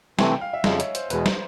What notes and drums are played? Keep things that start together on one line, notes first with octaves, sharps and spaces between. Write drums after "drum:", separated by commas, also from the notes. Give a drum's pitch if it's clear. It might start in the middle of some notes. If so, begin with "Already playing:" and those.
C3 E3 A3 C4 G#5, drum: snare
G5
F5
E5
F2 C#3 F3 D#5, drum: snare
C#5, drum: hi-hat
C5, drum: hi-hat
E2 B2 G#3 B4, drum: hi-hat
C5, drum: snare